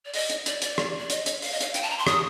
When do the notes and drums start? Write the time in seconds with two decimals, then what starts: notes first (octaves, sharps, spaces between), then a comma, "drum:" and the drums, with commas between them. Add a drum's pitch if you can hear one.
0.05 D5
0.14 D#5, drum: open hi-hat
0.30 drum: hi-hat
0.46 D5, drum: hi-hat
0.62 D5, drum: hi-hat
0.78 drum: rim click
0.98 D5
1.10 D#5, drum: hi-hat
1.26 drum: hi-hat
1.42 F5, drum: open hi-hat
1.51 D#5
1.61 F5, drum: hi-hat
1.74 G5, drum: hi-hat
1.82 A5
1.90 A#5
1.98 C6
2.07 D#6, drum: rim click